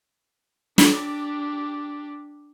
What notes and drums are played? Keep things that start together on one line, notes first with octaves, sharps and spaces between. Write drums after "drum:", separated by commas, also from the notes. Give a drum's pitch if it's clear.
D4 G4, drum: snare